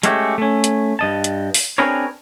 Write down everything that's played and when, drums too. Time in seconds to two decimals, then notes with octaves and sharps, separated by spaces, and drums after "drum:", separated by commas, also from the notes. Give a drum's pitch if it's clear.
0.03 G#3 A3 C#4 F#4 G4, drum: hi-hat
0.38 A3 C#4
0.64 drum: hi-hat
0.99 G2 D#5 A5
1.24 drum: hi-hat
1.54 drum: open hi-hat
1.78 C4 D4 G#4 A#4 B4 C#5